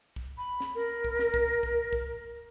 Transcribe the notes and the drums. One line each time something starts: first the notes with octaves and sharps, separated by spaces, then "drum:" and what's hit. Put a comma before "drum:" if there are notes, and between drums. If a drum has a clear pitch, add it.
drum: kick
B5
drum: snare
A#4
drum: kick
drum: snare
drum: kick
drum: kick
drum: kick